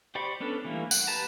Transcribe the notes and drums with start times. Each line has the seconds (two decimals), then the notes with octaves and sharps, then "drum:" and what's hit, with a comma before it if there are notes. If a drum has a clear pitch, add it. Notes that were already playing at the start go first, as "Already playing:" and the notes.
0.15 G4 C5 D5 B5 C#6
0.40 B3 C#4 D4 A4 B4
0.65 E3 G3 A3 A#3
0.91 F#5, drum: tambourine
1.07 G4 B4 A5 A#5